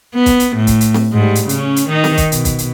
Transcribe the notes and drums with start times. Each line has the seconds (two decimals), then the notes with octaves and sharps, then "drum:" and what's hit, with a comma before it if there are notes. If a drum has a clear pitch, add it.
0.14 B3
0.26 drum: kick, hi-hat
0.40 drum: hi-hat
0.57 A2
0.67 drum: kick, hi-hat
0.81 drum: hi-hat
0.94 drum: snare C4
1.13 G#2 G3
1.35 drum: hi-hat
1.49 C#3 C#4, drum: hi-hat
1.76 drum: hi-hat
1.88 D#3 D#4
2.04 drum: snare C4
2.17 drum: kick, hi-hat
2.32 B2, drum: hi-hat
2.45 drum: kick, hi-hat
2.58 drum: hi-hat